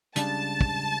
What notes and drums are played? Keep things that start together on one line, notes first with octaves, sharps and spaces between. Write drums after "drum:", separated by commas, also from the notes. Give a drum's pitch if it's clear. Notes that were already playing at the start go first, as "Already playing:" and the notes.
C#2 C#3 G3 D4 A5, drum: hi-hat
drum: kick